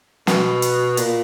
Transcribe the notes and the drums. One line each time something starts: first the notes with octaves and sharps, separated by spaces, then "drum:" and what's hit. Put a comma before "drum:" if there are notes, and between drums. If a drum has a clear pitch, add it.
B2, drum: snare
drum: hi-hat
A#2, drum: hi-hat